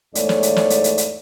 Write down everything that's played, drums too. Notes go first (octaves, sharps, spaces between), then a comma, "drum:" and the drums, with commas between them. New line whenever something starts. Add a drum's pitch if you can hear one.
E2 G#2 A3 C#5 D5, drum: hi-hat
drum: snare
drum: hi-hat
drum: snare
drum: hi-hat
drum: hi-hat
drum: hi-hat